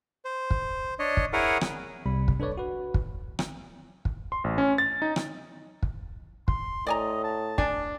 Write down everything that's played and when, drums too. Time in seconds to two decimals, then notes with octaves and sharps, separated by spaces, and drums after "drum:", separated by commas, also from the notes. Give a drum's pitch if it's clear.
0.25 C5
0.51 drum: kick
0.99 D4 C#5 D#5
1.17 drum: kick
1.33 E4 G#4 A#4 C#5 F#5 G#5
1.61 drum: rim click
2.06 C2 C3 G3 B5
2.28 drum: kick
2.40 D4 A4 B4 C#5 D5
2.58 F#4 B4
2.94 drum: kick
3.39 drum: rim click
4.05 drum: kick
4.32 C6
4.44 A1
4.58 C#4
4.78 A6
5.02 D#4
5.16 drum: rim click
5.83 drum: kick
6.48 C6, drum: kick
6.87 A2 D5 D#5 G#5 A#5
7.24 A5
7.58 D4 G#5, drum: kick